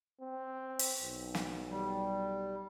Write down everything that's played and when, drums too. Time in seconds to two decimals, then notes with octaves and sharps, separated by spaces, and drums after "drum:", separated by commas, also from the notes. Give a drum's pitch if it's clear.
0.20 C4
0.79 drum: open hi-hat
1.02 B1
1.35 drum: snare
1.69 G3